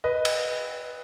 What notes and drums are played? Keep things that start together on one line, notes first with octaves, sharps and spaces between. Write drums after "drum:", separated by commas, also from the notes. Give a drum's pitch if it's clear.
B4 D#5
drum: cymbal